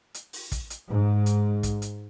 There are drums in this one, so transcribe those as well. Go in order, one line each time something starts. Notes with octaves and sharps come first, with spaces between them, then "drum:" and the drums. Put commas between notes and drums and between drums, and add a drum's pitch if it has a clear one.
drum: hi-hat
drum: open hi-hat
drum: kick, hi-hat
drum: hi-hat
G#2
drum: hi-hat
drum: kick, hi-hat
drum: hi-hat